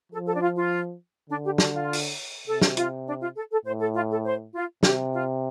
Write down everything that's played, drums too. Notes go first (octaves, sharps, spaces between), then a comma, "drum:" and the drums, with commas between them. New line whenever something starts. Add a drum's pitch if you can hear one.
F3 A4
A4
D4
F4
F4
D3 D4
G4
D4, drum: snare
F4
drum: open hi-hat
C3 A4
drum: snare
F4, drum: hi-hat
D4
F4
A4
A4
A2 C5
A4
F4
A4
C5
F4
C3 G4, drum: snare
F4